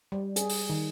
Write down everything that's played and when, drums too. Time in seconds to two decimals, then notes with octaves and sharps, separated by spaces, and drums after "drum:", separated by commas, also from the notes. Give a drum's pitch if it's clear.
0.12 G3
0.36 G#4, drum: hi-hat
0.49 drum: open hi-hat
0.70 D#3